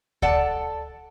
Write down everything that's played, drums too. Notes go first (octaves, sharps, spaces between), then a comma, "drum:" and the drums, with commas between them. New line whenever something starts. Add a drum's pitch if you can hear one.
A4 D5 F#5 A5, drum: kick D2